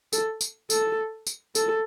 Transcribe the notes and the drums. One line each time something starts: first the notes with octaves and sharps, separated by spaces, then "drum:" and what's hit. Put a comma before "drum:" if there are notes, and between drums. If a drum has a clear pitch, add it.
A4, drum: tambourine
drum: tambourine
A4, drum: tambourine
drum: tambourine
A4, drum: tambourine